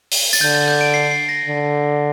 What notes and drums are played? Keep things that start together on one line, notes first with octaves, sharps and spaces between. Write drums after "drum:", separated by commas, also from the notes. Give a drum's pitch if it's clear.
drum: open hi-hat
A6, drum: tambourine
D3 G6
A6
G6
D7
C7
C7
A#6
D3